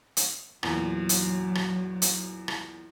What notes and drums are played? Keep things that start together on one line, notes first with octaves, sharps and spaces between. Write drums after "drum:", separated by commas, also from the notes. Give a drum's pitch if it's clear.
drum: hi-hat
E2 A#2 F#3, drum: rim click
drum: hi-hat
drum: rim click
drum: hi-hat
drum: rim click